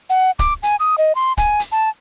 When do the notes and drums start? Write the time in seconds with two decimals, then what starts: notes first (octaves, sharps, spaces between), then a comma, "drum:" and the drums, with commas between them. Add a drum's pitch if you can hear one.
0.10 F#5
0.39 D6, drum: kick, hi-hat
0.63 G#5, drum: hi-hat
0.80 D#6
0.98 D#5
1.15 C6
1.37 G#5, drum: kick, hi-hat
1.60 drum: hi-hat
1.72 A5